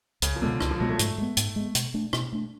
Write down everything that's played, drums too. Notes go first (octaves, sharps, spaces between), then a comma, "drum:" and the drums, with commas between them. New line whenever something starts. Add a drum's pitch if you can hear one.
C#2 C#3, drum: hi-hat
F3
B2 D3 G#3 B3
C#2 D3, drum: rim click
F3
B2 F#3 G#3 B3
A3
G#2, drum: hi-hat
G#3 B3
G#2, drum: hi-hat
G#3 B3
B2, drum: hi-hat
A3 D4
B2, drum: rim click
A3 D4